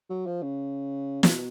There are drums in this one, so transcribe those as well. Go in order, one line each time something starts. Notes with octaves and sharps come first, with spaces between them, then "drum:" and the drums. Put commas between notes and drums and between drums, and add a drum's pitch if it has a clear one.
F#3
F3
C#3
B2, drum: snare